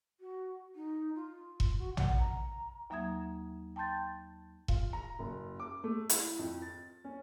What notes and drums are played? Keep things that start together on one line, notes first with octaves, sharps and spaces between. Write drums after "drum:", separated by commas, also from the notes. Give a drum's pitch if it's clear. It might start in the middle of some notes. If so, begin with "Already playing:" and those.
F#4
D#4
F4
drum: kick E1
F#4
F#5, drum: tom
A#5
D#2 F#3 A#3 E5 D#6 G#6
G5 A5 C6 G6 A6
F4, drum: kick E1
A#5
F#1
D6
A3
E4, drum: hi-hat
F2
A6
C#4